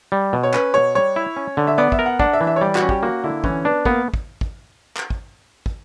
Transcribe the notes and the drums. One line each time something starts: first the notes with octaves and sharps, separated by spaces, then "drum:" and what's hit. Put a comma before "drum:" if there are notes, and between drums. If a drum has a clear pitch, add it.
G3
B2
C#5
C#4 B4, drum: clap
B2 C#5
G3 C#5
E4
C#4
D3
E5
B3 D5
E5, drum: kick
A#4
F#5
D4 F#5, drum: kick
E5
E3
E5
C#5
G3 D5
F#4, drum: clap
C#4
G4, drum: kick
A#3 F#4
D3 E4
E3 C#4, drum: kick
B3 D4
A#3 B3, drum: kick
drum: kick
drum: kick
drum: clap
drum: kick
drum: kick